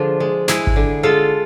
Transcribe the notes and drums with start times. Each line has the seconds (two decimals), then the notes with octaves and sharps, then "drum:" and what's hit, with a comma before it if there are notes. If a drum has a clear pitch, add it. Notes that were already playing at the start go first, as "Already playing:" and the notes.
Already playing: D3 F3 D4 F4 G#4
0.20 G#3
0.48 G#3 E4 G#4, drum: snare
0.67 drum: kick G#1
0.76 D3
1.03 G#3 F4 A4